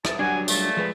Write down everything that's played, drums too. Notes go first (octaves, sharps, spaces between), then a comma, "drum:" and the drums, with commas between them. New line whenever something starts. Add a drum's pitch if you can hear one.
F2 E3 A5, drum: rim click
F#3 G3 D4 F#4 G#5
C#2 A#2 A3, drum: tambourine
F3 G#3 B4